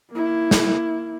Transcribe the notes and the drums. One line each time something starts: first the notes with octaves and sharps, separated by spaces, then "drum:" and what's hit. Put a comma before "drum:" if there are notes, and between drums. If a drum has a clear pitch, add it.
A#3 E4
drum: snare